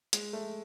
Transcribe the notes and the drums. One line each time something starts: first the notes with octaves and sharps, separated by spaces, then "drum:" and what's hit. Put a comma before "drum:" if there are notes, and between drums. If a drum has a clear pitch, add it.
G#3, drum: hi-hat
A3